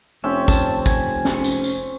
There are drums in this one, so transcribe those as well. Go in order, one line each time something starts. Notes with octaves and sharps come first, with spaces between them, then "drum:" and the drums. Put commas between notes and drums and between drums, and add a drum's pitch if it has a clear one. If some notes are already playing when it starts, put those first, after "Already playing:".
F1 C4 C#4 E5
A5, drum: kick, tambourine
G#5, drum: kick, tambourine
drum: snare
C#4
drum: tambourine
drum: tambourine